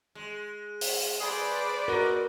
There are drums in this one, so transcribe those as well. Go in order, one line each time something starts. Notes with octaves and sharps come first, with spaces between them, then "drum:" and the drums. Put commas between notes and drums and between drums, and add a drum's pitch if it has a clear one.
G#3
drum: open hi-hat
G#4 B4 C5 D5
F#4 A#4 D#5